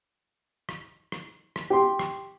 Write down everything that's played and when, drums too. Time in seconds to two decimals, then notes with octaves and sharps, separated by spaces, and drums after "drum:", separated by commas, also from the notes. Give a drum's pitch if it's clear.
0.69 drum: rim click
1.12 drum: rim click
1.56 drum: rim click
1.70 G4 C6
1.99 drum: rim click